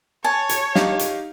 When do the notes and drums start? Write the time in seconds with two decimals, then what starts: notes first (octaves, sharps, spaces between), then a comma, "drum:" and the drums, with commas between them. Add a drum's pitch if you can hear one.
0.24 C#5 G#5 A5
0.49 drum: hi-hat
0.75 D#4 G4 F5, drum: snare
0.99 drum: hi-hat